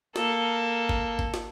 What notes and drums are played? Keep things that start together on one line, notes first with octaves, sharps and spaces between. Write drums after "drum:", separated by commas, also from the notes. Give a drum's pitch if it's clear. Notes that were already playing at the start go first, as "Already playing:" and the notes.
A#3 A4, drum: snare
drum: kick G1
drum: kick G1
drum: snare